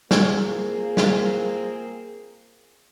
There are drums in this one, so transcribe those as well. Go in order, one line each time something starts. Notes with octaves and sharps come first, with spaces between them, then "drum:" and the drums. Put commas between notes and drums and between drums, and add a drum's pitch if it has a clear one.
A#3 C4 F4 G#4, drum: snare
drum: snare